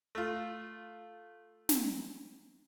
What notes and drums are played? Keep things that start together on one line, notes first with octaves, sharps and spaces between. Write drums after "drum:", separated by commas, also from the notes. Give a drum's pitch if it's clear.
A3 F4
drum: snare